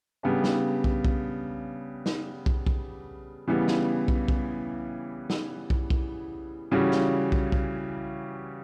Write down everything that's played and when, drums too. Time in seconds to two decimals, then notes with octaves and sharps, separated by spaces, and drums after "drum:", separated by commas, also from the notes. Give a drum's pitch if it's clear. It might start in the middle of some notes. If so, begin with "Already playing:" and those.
0.23 C#3 G3 B3 D4 G4
0.44 drum: snare
0.84 drum: kick
1.05 drum: kick
2.06 drum: snare
2.46 drum: kick
2.66 drum: kick
3.48 C#3 E3 G3 B3
3.68 drum: snare
4.08 drum: kick
4.28 drum: kick
5.30 drum: snare
5.70 drum: kick
5.90 drum: kick
6.71 C#3 E3 G3 C#4 F#4
6.92 drum: snare
7.32 drum: kick
7.52 drum: kick